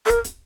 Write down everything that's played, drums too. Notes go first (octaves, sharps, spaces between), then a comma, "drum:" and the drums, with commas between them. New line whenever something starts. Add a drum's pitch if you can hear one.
A4
A#4, drum: kick, hi-hat
drum: hi-hat